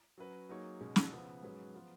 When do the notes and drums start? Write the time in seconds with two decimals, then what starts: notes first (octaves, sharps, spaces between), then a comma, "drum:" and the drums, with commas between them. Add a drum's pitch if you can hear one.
0.18 F#3 C#4 F#4 B4
0.49 F#3 A#3 D#4 G#4 C#5
0.81 B2 G#3 C#4
0.96 drum: snare
1.11 C#3 F3 B3
1.43 G#2 F#3 C#4 G#4 B4
1.74 F3 B3 F4